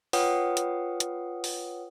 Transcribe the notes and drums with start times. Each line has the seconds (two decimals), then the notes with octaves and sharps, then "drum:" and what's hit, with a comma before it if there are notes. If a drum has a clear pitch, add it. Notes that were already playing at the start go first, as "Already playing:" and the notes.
0.13 F4 B4 C#5 F#5 G5 D#6, drum: open hi-hat
0.57 drum: hi-hat
1.00 drum: hi-hat
1.44 drum: open hi-hat